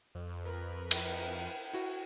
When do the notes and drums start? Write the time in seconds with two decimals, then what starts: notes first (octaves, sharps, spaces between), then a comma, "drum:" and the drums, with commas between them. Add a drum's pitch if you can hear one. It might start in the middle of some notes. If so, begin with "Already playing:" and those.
0.15 F2
0.44 A#4 B4
0.91 drum: cymbal
1.73 E4 F#4